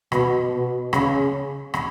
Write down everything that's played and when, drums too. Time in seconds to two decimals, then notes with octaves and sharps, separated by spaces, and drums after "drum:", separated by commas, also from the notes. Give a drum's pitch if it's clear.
0.12 B2, drum: rim click
0.52 B2
0.93 C#3, drum: rim click
1.74 drum: rim click